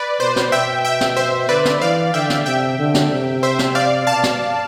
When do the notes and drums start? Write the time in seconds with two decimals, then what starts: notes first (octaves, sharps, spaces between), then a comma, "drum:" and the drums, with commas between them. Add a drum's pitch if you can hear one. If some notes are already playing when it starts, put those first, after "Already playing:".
Already playing: B4 D5
0.20 B2 C5
0.36 drum: snare
0.52 B2 E5 G5
0.85 E5 G5
1.01 drum: snare
1.17 C5 E5
1.49 D3 B4 D5
1.65 drum: snare
1.81 E3 D5 F5
2.13 D3 E5 G5
2.30 drum: snare
2.46 C3 E5 G5
2.79 D3
2.94 drum: snare
3.11 C3
3.43 C5 E5
3.59 drum: snare
3.75 D5 F5
4.07 B2 F5 A5
4.23 drum: snare